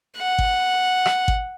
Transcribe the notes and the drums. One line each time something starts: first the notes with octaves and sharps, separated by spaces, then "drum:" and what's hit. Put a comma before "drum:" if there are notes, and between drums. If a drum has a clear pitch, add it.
F#5
drum: kick G#1
drum: rim click
drum: kick G#1